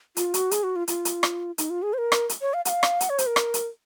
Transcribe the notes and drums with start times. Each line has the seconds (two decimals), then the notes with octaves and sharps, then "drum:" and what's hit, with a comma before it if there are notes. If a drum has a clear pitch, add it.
0.17 F4, drum: hi-hat
0.34 F#4, drum: hi-hat
0.51 G#4, drum: hi-hat
0.63 F#4
0.76 F4
0.88 F4, drum: hi-hat
1.05 drum: hi-hat
1.23 drum: rim click
1.58 D#4, drum: hi-hat
1.70 F4
1.83 G#4
1.93 C5
1.98 A#4
2.12 drum: rim click
2.29 drum: hi-hat
2.41 C#5
2.54 F5
2.65 F#5, drum: hi-hat
2.69 F5
2.83 drum: rim click
3.01 F#5, drum: hi-hat
3.10 C#5
3.18 C5, drum: hi-hat
3.27 A#4
3.36 drum: rim click
3.54 drum: hi-hat